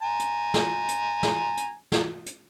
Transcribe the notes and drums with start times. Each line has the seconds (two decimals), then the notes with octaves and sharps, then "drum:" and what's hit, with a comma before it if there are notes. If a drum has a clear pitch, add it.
0.02 G#5 A#5
0.19 drum: hi-hat
0.54 drum: snare
0.88 drum: hi-hat
1.23 drum: snare
1.57 drum: hi-hat
1.92 drum: snare
2.26 drum: hi-hat